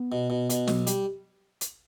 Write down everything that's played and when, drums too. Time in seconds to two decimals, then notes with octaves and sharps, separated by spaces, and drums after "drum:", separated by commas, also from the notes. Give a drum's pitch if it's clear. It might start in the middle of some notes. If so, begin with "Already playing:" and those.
Already playing: B3
0.12 B2
0.30 B2
0.50 B2, drum: hi-hat
0.68 B1, drum: snare
0.87 G3, drum: hi-hat
1.61 drum: hi-hat